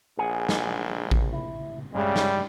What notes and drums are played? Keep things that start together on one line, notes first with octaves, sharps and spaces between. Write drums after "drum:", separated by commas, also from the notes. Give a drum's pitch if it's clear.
A#1 G#4 F#5 G#5
drum: snare
drum: kick A1
E4
G2 C#3 G3 G#3 E5
drum: snare